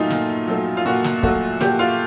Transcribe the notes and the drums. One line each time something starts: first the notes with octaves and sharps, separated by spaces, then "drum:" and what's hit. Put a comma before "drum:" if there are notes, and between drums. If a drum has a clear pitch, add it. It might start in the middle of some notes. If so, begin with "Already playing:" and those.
Already playing: A#2 F#3 A3 D#4 F4
A#2, drum: snare
F#3 A3
F4
A#2 F#4
drum: snare
F#3 A3 F#4, drum: kick
A#2 G4, drum: snare
F4